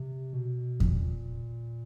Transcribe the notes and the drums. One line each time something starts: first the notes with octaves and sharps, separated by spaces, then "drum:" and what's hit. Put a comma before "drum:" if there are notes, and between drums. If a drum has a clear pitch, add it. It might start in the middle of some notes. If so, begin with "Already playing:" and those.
Already playing: C3
B2
A#2, drum: kick E2